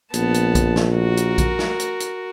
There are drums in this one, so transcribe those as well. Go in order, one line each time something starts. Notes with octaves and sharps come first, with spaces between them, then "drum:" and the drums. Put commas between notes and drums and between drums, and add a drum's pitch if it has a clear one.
A#1 B3 A5, drum: hi-hat
drum: hi-hat
drum: kick A#1, hi-hat
drum: snare
F#4 A#4
drum: hi-hat
drum: kick A#1, hi-hat
drum: snare
drum: hi-hat
drum: hi-hat